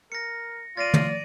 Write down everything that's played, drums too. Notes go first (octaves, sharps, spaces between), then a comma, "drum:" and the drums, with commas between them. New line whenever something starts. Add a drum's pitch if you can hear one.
A#4 A#6 C#7
F4 D5 A6 A#6 D#7
drum: tom